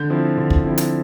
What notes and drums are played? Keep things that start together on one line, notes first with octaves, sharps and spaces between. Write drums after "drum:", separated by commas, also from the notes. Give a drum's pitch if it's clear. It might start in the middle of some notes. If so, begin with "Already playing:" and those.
Already playing: D3 G6
F3 C4 E4
D3
drum: kick
F3 C4 E4
drum: hi-hat